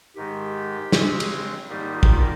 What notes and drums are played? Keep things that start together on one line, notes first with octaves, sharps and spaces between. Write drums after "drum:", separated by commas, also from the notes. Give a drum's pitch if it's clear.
G#2 D#3 G#3 G4
C#3 G#3 C4, drum: snare
drum: cymbal
G#2 D#3 G3 A#3 D#4 G4
F4
G4, drum: kick
F4
A#4